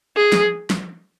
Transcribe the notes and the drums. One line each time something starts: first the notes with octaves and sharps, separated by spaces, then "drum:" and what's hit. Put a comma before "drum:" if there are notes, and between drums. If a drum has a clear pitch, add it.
G#4
drum: snare
drum: snare